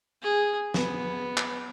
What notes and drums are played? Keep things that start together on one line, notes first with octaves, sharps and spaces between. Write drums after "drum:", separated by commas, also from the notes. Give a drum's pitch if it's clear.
G#4
B3, drum: snare
drum: clap